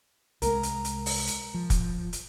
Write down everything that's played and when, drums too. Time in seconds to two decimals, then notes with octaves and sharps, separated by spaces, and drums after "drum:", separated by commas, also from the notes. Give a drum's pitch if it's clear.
0.42 C2 G#3 A#4, drum: hi-hat
0.63 drum: hi-hat
0.85 drum: hi-hat
1.06 drum: open hi-hat
1.27 drum: hi-hat
1.54 F3
1.70 drum: kick, hi-hat
2.13 drum: hi-hat